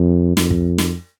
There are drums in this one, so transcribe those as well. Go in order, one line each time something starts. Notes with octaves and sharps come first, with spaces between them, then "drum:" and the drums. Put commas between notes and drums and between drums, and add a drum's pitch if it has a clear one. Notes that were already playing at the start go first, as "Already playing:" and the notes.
Already playing: F2
F2, drum: snare
drum: kick
drum: snare